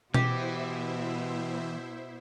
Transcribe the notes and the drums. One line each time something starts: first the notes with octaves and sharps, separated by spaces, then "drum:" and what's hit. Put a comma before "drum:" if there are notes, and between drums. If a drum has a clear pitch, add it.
B2 E3 E4 G4 C5 E5, drum: tom B2